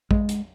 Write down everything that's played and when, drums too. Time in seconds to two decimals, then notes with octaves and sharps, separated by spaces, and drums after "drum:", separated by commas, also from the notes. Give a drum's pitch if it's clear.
0.11 G#3, drum: kick
0.29 drum: hi-hat